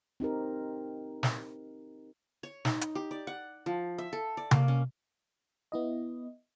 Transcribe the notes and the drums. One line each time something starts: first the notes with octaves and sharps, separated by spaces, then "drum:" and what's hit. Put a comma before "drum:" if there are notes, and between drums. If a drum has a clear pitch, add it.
C4 D#4 G4 A#4
drum: snare
C#5
D#4, drum: snare
drum: hi-hat
G4
D5
F#5
F3
E5
A4
D5
A#3, drum: tom C3
C#4
B3 E4 D#5